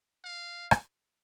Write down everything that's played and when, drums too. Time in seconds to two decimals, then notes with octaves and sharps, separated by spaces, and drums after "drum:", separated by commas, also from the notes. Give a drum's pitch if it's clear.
0.24 F5
0.71 drum: rim click